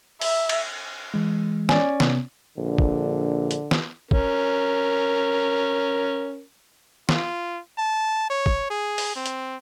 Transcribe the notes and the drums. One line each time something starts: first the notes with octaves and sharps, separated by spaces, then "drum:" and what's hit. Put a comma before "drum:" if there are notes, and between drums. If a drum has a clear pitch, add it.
E5, drum: open hi-hat
drum: cymbal
E3 G#3
C#4 D5 G#5, drum: snare
C3 B3, drum: snare
A#1 D3
drum: kick
drum: hi-hat
drum: snare
C#4 A#4, drum: kick
F4, drum: snare
A5
C#5
drum: kick
G#4
drum: open hi-hat
C4
drum: hi-hat